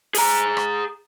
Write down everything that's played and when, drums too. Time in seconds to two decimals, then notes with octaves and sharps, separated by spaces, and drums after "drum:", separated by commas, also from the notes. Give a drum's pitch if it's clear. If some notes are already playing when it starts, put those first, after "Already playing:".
0.15 G#4 A#5, drum: open hi-hat
0.57 drum: rim click